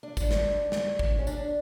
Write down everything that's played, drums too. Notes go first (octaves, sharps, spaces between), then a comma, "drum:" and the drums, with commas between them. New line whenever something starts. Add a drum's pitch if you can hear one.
D4
drum: kick, tambourine
drum: snare
drum: snare
drum: kick
C#4
D4, drum: tambourine